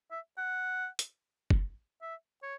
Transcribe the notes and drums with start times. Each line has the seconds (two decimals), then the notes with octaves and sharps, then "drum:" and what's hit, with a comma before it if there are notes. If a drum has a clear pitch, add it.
0.11 E5
0.38 F#5
0.99 drum: hi-hat
1.50 drum: kick
2.02 E5
2.43 C#5